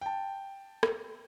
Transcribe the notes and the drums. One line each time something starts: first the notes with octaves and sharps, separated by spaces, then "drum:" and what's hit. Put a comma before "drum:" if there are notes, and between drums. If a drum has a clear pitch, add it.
G5 A5
drum: rim click